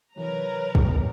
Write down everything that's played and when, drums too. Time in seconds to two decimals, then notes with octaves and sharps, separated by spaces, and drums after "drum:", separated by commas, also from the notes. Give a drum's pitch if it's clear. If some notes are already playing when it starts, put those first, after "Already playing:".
0.16 C3 E3 F#3 A#4 B4 C#5 A#5
0.75 drum: kick